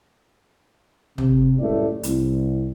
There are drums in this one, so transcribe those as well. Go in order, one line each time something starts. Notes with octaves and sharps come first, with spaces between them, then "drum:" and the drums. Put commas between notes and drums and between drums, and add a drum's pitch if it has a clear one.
C3, drum: tom
F#1 C#2 A2 G3 A3 D5
C2, drum: hi-hat